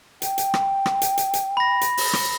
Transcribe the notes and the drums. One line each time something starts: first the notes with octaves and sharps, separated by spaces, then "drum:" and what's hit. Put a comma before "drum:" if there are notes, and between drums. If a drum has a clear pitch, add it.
G5, drum: hi-hat
drum: hi-hat
drum: rim click
drum: rim click
drum: hi-hat
drum: hi-hat
drum: hi-hat
B5 A#6
drum: hi-hat
drum: open hi-hat
drum: rim click